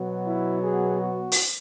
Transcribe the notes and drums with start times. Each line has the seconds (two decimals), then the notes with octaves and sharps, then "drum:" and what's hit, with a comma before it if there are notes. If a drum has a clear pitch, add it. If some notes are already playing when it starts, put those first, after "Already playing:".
Already playing: B2 F#3 B3
0.27 E4
0.64 G#4
1.02 F#4
1.32 drum: open hi-hat